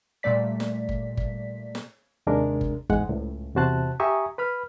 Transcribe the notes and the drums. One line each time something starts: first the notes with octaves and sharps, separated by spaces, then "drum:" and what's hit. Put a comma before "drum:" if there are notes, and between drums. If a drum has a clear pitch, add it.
A#2 G3 A3 D5 B6
drum: snare
drum: kick G1
drum: kick G1
drum: snare
D#2 C3 G#3 D4 A#4
drum: kick G1
E2 G#2 G#3 F#5, drum: kick G1
C#2 A2
E2 C3 F#4 C5 A5 F#6
G4 E5 G#5 A#5 C#6 D#6
B4 B5 F6